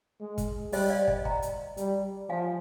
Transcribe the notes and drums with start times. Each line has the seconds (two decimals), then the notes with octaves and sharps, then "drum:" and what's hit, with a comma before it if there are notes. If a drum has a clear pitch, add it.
0.21 G#3
0.38 drum: kick, hi-hat
0.72 G3 C5 D#5, drum: open hi-hat
0.89 D5 F5
1.07 D#5 G5, drum: kick
1.25 G5 A#5, drum: kick
1.42 drum: hi-hat
1.77 G3, drum: hi-hat
2.30 F3 F5 G#5